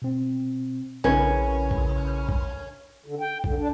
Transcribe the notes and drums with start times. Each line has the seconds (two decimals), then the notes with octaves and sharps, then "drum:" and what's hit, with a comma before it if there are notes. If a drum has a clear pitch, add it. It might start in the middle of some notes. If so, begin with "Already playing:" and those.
0.02 B2 C4
1.04 A#1 C#3 C#4 E4 A#4 B4
1.71 drum: kick
2.29 drum: kick
3.06 D3
3.21 G5
3.44 D3, drum: kick
3.59 D4